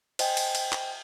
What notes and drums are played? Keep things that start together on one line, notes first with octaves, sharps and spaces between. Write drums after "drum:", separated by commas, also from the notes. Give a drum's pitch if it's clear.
C5 D#5 G5 G#5, drum: cymbal
drum: cymbal
drum: cymbal
drum: clap